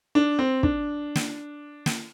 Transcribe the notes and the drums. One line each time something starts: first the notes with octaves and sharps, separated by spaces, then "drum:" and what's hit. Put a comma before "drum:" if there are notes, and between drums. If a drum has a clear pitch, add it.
D4
C4
D4, drum: kick
drum: snare
drum: snare